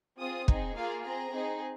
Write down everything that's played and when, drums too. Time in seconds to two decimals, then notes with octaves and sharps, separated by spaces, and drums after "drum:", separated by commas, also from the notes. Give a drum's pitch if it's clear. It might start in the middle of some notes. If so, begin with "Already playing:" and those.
0.19 C4 F4 G#4 D#6
0.48 C4 D#4 G#4, drum: kick
0.76 A#3 F4 G#4 F5
1.05 C4 G#4 A#5
1.34 C4 D#4 G#4